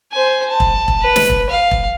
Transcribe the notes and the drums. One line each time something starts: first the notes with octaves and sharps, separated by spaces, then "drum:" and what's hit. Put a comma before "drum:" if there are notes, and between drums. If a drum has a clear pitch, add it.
C5 G#5
A5
drum: kick E1
drum: kick E1
B4
drum: snare
drum: kick E1
F5
drum: kick E1